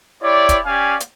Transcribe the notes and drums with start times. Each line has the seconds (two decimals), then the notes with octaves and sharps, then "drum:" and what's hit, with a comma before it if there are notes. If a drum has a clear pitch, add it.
0.23 E4 G4 C#5 D5
0.49 drum: kick, hi-hat
0.66 C#4 G4 D5 F5 G#5
1.00 drum: hi-hat